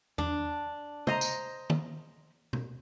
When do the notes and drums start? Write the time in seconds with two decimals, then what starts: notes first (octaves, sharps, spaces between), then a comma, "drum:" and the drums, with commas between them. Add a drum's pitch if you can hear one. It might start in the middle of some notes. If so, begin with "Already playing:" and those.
0.18 D4, drum: tom E2
1.07 C5 D#5 A#5, drum: tom
1.21 drum: tambourine
1.70 drum: tom
2.53 drum: tom B2